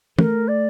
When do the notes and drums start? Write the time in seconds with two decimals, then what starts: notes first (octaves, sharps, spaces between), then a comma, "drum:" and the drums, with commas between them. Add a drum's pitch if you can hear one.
0.19 A3 A#4, drum: tom
0.48 D5